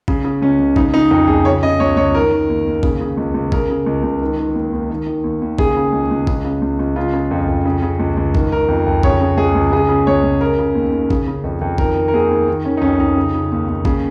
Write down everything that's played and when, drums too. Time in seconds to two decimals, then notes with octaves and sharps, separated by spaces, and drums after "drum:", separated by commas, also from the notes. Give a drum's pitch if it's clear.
0.08 C#3, drum: kick A1
0.25 C#3
0.42 C#2 C#4
0.59 C#2
0.76 C#3 D#4, drum: kick A1
0.94 C#3 D#4
1.11 F2 D#4
1.28 F2 G#4
1.45 C#3 C#5
1.63 C#3 D#5
1.80 C#2 C#5
1.97 C#2 C#5
2.14 D#3 A#4
2.31 D#3
2.49 D#2
2.66 D#2
2.83 C#3, drum: kick A1
3.01 C#3
3.17 C#2
3.34 C#2
3.52 C#3 A#4, drum: kick A1
3.70 C#3
3.86 C#2
4.03 C#2
4.21 D#3
4.38 D#3
4.55 D#2
4.73 D#2
4.90 D#3
5.07 D#3
5.24 D#2
5.42 D#2
5.59 C#3 G#4, drum: kick A1
5.77 C#3
5.93 C#2
6.11 C#2
6.27 C#3, drum: kick A1
6.45 C#3
6.62 C#2
6.79 C#2
6.96 C#3 F4
7.13 C#3
7.31 F2
7.48 F2
7.65 C#3
7.82 C#3
7.99 C#2
8.17 C#2
8.34 D#3, drum: kick A1
8.52 D#3 A#4
8.68 F2
8.86 F2
9.03 C#3 C#5, drum: kick A1
9.21 C#3
9.37 C#2 G#4
9.55 C#2
9.72 C#3 G#4
9.89 C#3
10.07 C#2 C#5
10.23 C#2
10.41 C#3 A#4
10.58 C#3
10.75 D#2
10.92 D#2
11.10 C#3, drum: kick A1
11.27 C#3
11.44 F2
11.61 F2
11.78 D#3 A#4, drum: kick A1
11.96 D#3
12.08 A#4
12.13 D#2 G#4
12.31 D#2
12.48 D#3
12.65 D#3 C#4
12.77 D#4
12.82 F2 C#4
13.00 F2 D#4
13.16 C#3
13.34 C#3
13.52 D#2
13.68 D#2
13.85 C#3, drum: kick A1